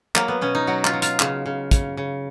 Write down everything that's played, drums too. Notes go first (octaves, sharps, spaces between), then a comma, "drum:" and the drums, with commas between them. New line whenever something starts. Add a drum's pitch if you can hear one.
F#3 A#3, drum: clap
B3
B2 C#4
D#4
F#3 F#4
F4, drum: clap
F#3
F4, drum: hi-hat
C#3, drum: clap
C#3
C#3, drum: kick, hi-hat
C#3